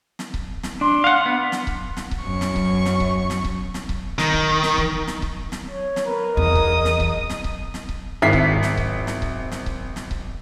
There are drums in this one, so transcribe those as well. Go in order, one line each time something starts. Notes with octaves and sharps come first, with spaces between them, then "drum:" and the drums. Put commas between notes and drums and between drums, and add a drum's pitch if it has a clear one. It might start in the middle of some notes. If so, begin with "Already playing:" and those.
drum: snare
drum: kick C#1
drum: snare
D4 C6
F5 F#5
B3
drum: snare
drum: kick C#1
drum: snare
drum: kick C#1
F#2 C#6
drum: snare
drum: kick C#1
drum: snare
drum: kick C#1
drum: snare
drum: kick C#1
drum: snare
drum: kick C#1
D#3, drum: snare
drum: kick C#1
drum: snare
drum: kick C#1
drum: snare
drum: kick C#1
drum: snare
C#5
drum: snare
A#4 B4
E2 D#5 D#6
drum: kick C#1
drum: snare
drum: kick C#1
drum: snare
drum: kick C#1
drum: snare
drum: kick C#1
G#1 E4 B6 C7
drum: kick C#1
drum: snare
drum: kick C#1
drum: snare
drum: kick C#1
drum: snare
drum: kick C#1
drum: snare
drum: kick C#1